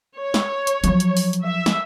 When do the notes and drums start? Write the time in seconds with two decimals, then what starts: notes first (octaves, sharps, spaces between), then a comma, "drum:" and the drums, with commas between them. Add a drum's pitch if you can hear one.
0.18 C#5
0.34 drum: snare
0.67 drum: hi-hat
0.84 F3 F#3, drum: hi-hat
1.00 drum: hi-hat
1.17 drum: open hi-hat
1.33 drum: hi-hat
1.44 E5
1.66 drum: snare